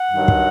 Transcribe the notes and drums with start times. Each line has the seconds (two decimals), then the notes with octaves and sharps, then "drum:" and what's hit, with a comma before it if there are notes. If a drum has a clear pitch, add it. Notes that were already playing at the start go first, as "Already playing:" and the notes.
Already playing: F#5
0.12 G2 D#3 F#3
0.28 drum: kick